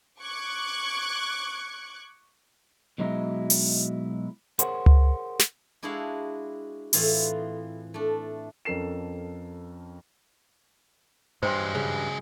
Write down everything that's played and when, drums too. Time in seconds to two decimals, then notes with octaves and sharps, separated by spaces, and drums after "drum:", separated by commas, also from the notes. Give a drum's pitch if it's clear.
0.21 C#6 D6 F#6 G#6
2.98 B2 F#3 G#3 D#4 E4
3.50 drum: open hi-hat
4.59 G#4 A#4 C5 C#5 F#5, drum: hi-hat
4.86 drum: tom C#2
5.39 drum: snare
5.83 G#3 D4 E4 F#4 G#4 F5
6.93 A2 E3 C4 F4 F5, drum: open hi-hat
7.94 A3 D4
8.65 F2 C#4 A4 A#4 C7 E7
11.43 G2 F#3 G#3 C5 G5 C6
11.75 C#3